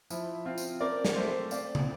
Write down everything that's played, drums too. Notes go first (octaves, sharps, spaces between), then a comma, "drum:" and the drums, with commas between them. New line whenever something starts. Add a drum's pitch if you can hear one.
F3 E4, drum: tambourine
C4 F4
drum: tambourine
C4 A#4 D5
drum: snare
A3 C5 E5
C4 D5 F5, drum: tambourine
drum: tom